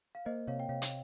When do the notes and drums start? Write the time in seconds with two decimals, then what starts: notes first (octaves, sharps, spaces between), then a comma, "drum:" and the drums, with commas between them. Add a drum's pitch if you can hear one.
0.15 F5
0.25 A#3 C5 D#5
0.48 C3 C#5 F5
0.60 G5
0.69 C3 C#5 F5
0.82 drum: hi-hat